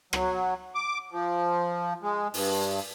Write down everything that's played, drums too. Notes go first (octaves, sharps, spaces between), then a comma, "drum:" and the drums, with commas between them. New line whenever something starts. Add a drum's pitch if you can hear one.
F#3, drum: rim click
D6
F3
G#3
G2, drum: open hi-hat